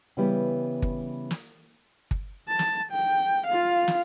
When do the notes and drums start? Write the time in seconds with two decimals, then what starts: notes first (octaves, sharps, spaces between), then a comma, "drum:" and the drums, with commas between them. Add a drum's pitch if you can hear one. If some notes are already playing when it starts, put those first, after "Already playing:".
0.17 C#3 E3 G3 B3 E4 G4
0.82 drum: kick G1
1.31 drum: snare
2.11 drum: kick G1
2.48 A5
2.59 drum: snare
2.91 G5
3.47 F4 F5
3.88 drum: snare